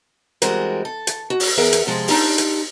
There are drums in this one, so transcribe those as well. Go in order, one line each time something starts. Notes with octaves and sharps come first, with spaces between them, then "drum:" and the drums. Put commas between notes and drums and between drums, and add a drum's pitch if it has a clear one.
E3 G3 G#3 C4 F#4 A#4, drum: hi-hat
A4
drum: hi-hat
F#4
drum: open hi-hat
E2 G#4 A#4 E5 F#5
drum: hi-hat
C3 F3 G#3
D4 D#4 F4 G4, drum: open hi-hat
drum: hi-hat